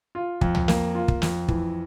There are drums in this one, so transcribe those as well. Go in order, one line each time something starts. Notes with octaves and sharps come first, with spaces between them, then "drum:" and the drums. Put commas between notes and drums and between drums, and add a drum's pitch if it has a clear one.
F4
F2, drum: kick
drum: tom
A#3, drum: snare
F4
drum: kick
F2, drum: snare
E3, drum: kick